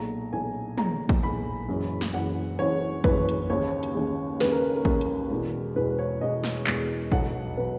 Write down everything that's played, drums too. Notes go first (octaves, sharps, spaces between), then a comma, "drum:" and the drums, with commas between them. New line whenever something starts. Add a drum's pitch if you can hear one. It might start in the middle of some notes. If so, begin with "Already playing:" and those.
Already playing: B1 A#2 G#3 A#5
B1 A#2 G#3 G#5
B1 A#2 G#3 A#5, drum: tom
drum: kick A1
B1 A#2 G#3 B5
F#1 F#2 E3 G#3
drum: snare
F#1 F#2 E3 G#3 F#5
F#1 F#2 E3 G#3 C#5
F#1 F#2 E3 G#3 B4, drum: kick A1
drum: hi-hat
D#2 C#3 G#3 C#5
drum: hi-hat
D#2 C#3 G#3
D#2 C#3 G#3 B4, drum: snare
A#4
A#4
D#2 C#3 G#3, drum: kick A1
drum: hi-hat
E1 E2 B2 G#3
E1 E2 B2 G#3 B4
C#5
E1 E2 B2 G#3 D#5
drum: snare
E1 E2 B2 G#3, drum: clap
B1 B2 F#3 F#5, drum: kick A1
B2 F#3 B4